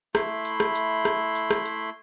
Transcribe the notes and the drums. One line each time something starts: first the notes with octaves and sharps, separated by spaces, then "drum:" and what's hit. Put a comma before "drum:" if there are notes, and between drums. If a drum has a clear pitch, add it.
A3 E4 B5 C6, drum: rim click
drum: hi-hat
drum: rim click
drum: hi-hat
drum: rim click
drum: hi-hat
drum: rim click
drum: hi-hat